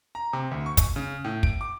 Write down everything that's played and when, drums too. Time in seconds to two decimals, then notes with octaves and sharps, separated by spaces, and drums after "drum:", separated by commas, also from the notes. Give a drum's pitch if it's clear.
0.15 A#5
0.33 C3
0.51 D2
0.66 C#6
0.77 drum: kick, hi-hat
0.96 C#3
1.25 A2
1.43 D7, drum: kick
1.61 D6